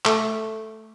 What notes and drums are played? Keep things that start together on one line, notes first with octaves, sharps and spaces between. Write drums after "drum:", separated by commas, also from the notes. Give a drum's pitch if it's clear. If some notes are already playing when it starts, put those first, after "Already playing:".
A3, drum: clap